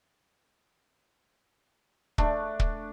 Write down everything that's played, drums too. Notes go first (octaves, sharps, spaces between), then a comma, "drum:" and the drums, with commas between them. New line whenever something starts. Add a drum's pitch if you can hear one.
A3 D4, drum: kick
drum: kick